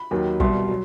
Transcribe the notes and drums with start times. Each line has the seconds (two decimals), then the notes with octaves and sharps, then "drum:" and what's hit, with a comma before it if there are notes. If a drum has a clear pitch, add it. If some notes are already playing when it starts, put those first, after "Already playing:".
Already playing: B5
0.11 D#2 D#3 F#3
0.40 C2 B2 G3 C6, drum: kick
0.69 F#3